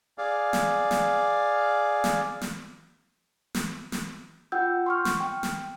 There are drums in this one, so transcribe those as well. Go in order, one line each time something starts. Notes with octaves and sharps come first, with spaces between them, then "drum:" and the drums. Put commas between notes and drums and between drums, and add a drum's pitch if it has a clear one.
G#4 D5 F5
drum: snare
drum: snare
drum: snare
drum: snare
drum: snare
drum: snare
F4 F#5 G5 E6 G6
C6 C#6 F6
drum: snare
G5
drum: snare